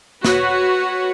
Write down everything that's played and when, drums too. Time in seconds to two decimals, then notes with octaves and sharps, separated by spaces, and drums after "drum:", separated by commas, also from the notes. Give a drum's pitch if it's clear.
0.24 F#4 B4 C#5 F#5, drum: snare